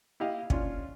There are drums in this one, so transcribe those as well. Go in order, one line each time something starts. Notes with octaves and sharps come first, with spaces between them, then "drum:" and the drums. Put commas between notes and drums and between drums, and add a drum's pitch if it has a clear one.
E4 G4 D#5 F5
C#4 D4 F4, drum: kick